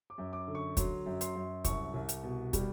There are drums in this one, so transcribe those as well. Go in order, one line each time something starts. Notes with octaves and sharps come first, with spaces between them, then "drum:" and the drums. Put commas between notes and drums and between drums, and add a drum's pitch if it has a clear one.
D6
F#2
D6
D3
C#6
F#3 C6, drum: kick, hi-hat
F#2
C6, drum: hi-hat
F#2
C2 C#6, drum: kick, hi-hat
C2
drum: hi-hat
B2
G3, drum: kick, hi-hat